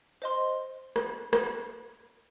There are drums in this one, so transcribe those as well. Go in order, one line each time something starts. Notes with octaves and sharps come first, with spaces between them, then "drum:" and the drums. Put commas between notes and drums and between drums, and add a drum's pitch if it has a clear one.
C5 D#5 C6
drum: rim click
drum: rim click